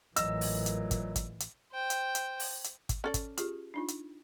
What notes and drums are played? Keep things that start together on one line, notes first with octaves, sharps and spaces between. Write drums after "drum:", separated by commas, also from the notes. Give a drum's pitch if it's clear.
A1 A#2 E3 F#3 D#5 E6, drum: hi-hat
drum: open hi-hat
drum: hi-hat
drum: kick, hi-hat
drum: kick, hi-hat
drum: hi-hat
C5 G5
drum: hi-hat
drum: hi-hat
drum: open hi-hat
drum: hi-hat
drum: kick, hi-hat
C#4 A4 D5
drum: kick, hi-hat
F4 G4 G#4, drum: hi-hat
D4 D#4 F4
drum: hi-hat